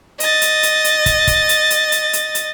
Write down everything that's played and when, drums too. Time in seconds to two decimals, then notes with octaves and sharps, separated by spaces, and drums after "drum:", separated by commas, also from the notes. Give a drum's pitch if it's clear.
0.20 D#5 A6, drum: hi-hat
0.42 drum: hi-hat
0.63 drum: hi-hat
0.84 drum: hi-hat
1.06 drum: kick, hi-hat
1.27 drum: kick, hi-hat
1.49 drum: hi-hat
1.70 drum: hi-hat
1.92 drum: hi-hat
2.13 drum: hi-hat
2.35 drum: hi-hat